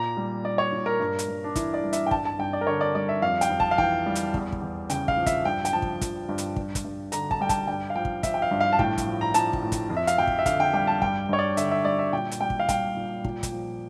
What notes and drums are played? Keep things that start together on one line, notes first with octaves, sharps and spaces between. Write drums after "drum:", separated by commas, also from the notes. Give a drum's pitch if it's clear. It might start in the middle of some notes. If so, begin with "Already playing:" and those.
Already playing: A#2 A#5
G3
G3 D5
C#5
A#2
A#4
G2
drum: hi-hat
G2
D4
E3 E4, drum: kick, hi-hat
D5
G3
E5, drum: hi-hat
G5
G2 A5, drum: kick
A5
G2 G5
D5
A#4
D3 C#5
D5
G3 D5
E5
F2 F5
G5, drum: hi-hat
F2
A5, drum: kick
F5
E3 G5, drum: kick
G3
drum: hi-hat
E2, drum: kick
drum: kick
E2
C#3 G5, drum: hi-hat
F5, drum: kick
F3
E5, drum: kick, hi-hat
G2 G5
G5, drum: hi-hat
F3 A5
drum: kick
F3, drum: kick, hi-hat
G2
drum: hi-hat
G2, drum: kick
drum: kick, hi-hat
G2
D3 A#5, drum: hi-hat
A5, drum: kick
G3 G5
A5, drum: kick, hi-hat
G2 G5
F5
F3 G5
drum: kick
F3 E5, drum: kick, hi-hat
G5
F5
G2
F5
A5
A2 G5, drum: kick
drum: kick, hi-hat
F3
A#5
F3 A5, drum: hi-hat
drum: kick
A2
drum: kick, hi-hat
F2
E5
F5, drum: hi-hat
F2 G5
drum: kick
E5
D3 F5, drum: kick, hi-hat
G5
G3 G5
A5
G2 G5, drum: kick
G2 C#5
D5
D3 E5, drum: hi-hat
E5
G3 D5
E5
A#2 G5
drum: hi-hat
G3 G5
drum: kick
F5
G3 G5, drum: kick, hi-hat
A#2
A#2, drum: kick
drum: kick, hi-hat
F3